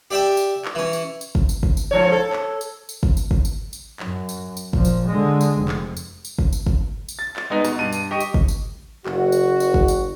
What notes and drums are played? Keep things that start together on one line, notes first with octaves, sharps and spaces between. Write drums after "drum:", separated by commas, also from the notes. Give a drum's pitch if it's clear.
G4 D5 E5 G5 A5
drum: tambourine
drum: clap
E3 C#4
drum: tambourine
drum: tambourine
drum: kick
drum: tambourine
drum: kick
drum: tambourine
G#2 F3 C#5
A4
drum: clap
drum: tambourine
drum: tambourine
drum: kick
drum: tambourine
drum: kick
drum: tambourine
drum: tambourine
F#2, drum: clap
drum: tambourine
drum: tambourine
A#2 F3, drum: kick
drum: tambourine
D3 G#3
drum: tambourine
F1
drum: clap
drum: tambourine
drum: tambourine
drum: kick
drum: tambourine
drum: kick
drum: tambourine
A6
drum: clap
G#3 B3 D#4
B2, drum: tambourine
G2 D#7
drum: tambourine
G4 D#5 C#6
drum: tambourine
drum: kick
drum: tambourine
F#1 F#4, drum: clap
drum: tambourine
drum: tambourine
drum: kick
drum: tambourine